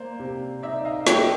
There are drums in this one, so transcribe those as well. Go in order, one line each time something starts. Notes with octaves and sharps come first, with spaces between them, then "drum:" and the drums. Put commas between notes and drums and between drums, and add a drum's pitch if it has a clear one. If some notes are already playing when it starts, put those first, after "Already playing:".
Already playing: A#3 C5 D5
C3
D#4 D5 E5
D#5 F5
F3 G5 A5, drum: snare